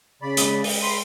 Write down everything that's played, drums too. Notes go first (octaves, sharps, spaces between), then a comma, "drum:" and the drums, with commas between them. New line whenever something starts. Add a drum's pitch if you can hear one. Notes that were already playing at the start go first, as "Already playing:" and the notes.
C#3 D5 B5
G#3 D#6, drum: hi-hat
drum: open hi-hat
B5 C6